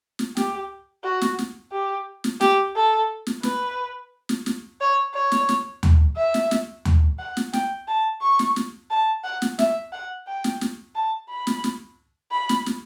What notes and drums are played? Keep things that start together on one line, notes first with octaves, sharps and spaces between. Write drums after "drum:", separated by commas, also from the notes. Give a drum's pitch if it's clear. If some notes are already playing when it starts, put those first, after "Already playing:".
drum: snare
G4, drum: snare
F#4
drum: snare
drum: snare
G4
drum: snare
G4, drum: snare
A4
drum: snare
B4, drum: snare
drum: snare
drum: snare
C#5
C#5
drum: snare
drum: snare
drum: tom D#2
E5
drum: snare
drum: snare
drum: tom D#2
F#5
drum: snare
G5, drum: snare
A5
C#6
drum: snare
drum: snare
A5
F#5
drum: snare
E5, drum: snare
F#5
G5
drum: snare
drum: snare
A5
B5
drum: snare
drum: snare
B5
drum: snare
drum: snare